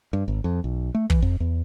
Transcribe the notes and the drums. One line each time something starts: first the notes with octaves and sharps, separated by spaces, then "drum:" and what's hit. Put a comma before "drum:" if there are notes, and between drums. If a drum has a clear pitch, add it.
G2
G#1
F2
B1
A3
E3, drum: kick
F2
E2